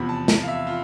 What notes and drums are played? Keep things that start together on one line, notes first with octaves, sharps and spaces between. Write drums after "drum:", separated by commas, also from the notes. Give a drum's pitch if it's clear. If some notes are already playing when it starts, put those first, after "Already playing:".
Already playing: E2 C3 F3 B5
A5
A5, drum: snare
F5
E5
F4